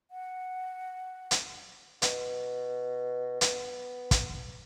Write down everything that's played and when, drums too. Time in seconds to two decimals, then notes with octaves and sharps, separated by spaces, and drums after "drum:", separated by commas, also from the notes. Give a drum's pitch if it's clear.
0.11 F#5
1.31 drum: hi-hat
2.02 B2, drum: hi-hat
3.41 B3, drum: hi-hat
4.11 drum: kick, hi-hat